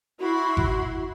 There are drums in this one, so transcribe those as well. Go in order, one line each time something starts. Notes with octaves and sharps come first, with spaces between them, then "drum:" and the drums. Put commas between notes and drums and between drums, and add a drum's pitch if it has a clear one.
E4 F#4 B5 C6
drum: kick G1